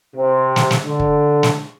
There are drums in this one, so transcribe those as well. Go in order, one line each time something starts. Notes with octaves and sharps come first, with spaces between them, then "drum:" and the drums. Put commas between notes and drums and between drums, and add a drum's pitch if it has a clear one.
C3
drum: snare
drum: snare
D3
drum: kick
drum: snare